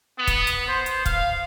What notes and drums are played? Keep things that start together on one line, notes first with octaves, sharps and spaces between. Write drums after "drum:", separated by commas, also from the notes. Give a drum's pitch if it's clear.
B3
drum: kick, hi-hat
drum: hi-hat
C5
drum: hi-hat
F5, drum: kick, hi-hat